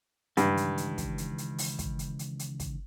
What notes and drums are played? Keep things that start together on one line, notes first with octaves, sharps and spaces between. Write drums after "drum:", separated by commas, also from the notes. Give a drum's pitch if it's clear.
C#2 G2 D#3 E3, drum: hi-hat
drum: hi-hat
drum: hi-hat
drum: kick, hi-hat
drum: hi-hat
drum: hi-hat
drum: open hi-hat
drum: kick, hi-hat
drum: hi-hat
drum: hi-hat
drum: hi-hat
drum: kick, hi-hat